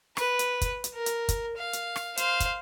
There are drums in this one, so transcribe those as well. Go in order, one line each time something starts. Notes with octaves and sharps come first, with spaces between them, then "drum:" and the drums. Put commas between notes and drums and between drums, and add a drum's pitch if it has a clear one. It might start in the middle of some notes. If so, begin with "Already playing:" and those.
B4, drum: rim click
drum: hi-hat
drum: kick, hi-hat
drum: hi-hat
A#4
drum: hi-hat
drum: kick, hi-hat
F5
drum: hi-hat
drum: rim click
C5 F5, drum: hi-hat
drum: kick, hi-hat